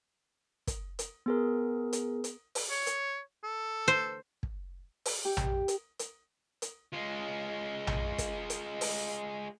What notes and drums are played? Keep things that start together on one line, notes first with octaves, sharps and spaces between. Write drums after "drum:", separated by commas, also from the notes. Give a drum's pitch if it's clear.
drum: kick, hi-hat
drum: hi-hat
B3 G#4 A#4
drum: hi-hat
drum: hi-hat
drum: open hi-hat
C#5
drum: hi-hat
A4
C5
drum: kick
drum: open hi-hat
G4
drum: tom A#1
drum: hi-hat
drum: hi-hat
drum: hi-hat
G#3 F4
drum: tom A#1
drum: kick, hi-hat
drum: hi-hat
drum: open hi-hat